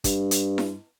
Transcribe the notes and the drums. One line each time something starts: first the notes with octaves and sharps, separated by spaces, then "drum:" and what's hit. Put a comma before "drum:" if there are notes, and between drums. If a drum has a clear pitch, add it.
G2, drum: kick, hi-hat
drum: hi-hat
drum: snare E4